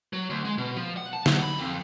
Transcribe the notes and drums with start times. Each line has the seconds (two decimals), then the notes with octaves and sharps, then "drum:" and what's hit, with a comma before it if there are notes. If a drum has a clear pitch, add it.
0.13 F#3
0.30 D2
0.45 G#3
0.58 B2
0.76 F3
0.97 F#5
1.13 A5
1.26 F#3, drum: snare
1.42 B5
1.59 F2